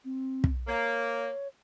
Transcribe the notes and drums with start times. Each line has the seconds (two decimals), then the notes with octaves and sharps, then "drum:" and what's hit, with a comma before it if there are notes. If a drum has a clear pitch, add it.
0.05 C4
0.44 drum: kick
0.67 A#3 C#5